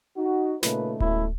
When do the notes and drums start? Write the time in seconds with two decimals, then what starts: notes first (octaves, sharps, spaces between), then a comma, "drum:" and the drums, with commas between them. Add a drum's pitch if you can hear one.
0.17 D#4 F#4
0.63 A#2 C#3 A3 D#4 B4, drum: snare
1.00 B2 G#3 A3 C#4 E4, drum: kick D1